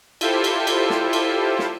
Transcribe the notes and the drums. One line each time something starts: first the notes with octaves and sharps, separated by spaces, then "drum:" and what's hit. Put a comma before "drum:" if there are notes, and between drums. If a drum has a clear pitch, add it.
E4 F4 G4 A4 C5, drum: cymbal
drum: cymbal
drum: cymbal
drum: snare
drum: cymbal
drum: snare